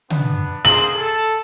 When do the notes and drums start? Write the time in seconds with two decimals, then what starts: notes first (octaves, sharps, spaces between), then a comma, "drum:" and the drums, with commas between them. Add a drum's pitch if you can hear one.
0.10 B3 D4, drum: tom
0.65 A#3 G#4 C5 F#7
0.94 A4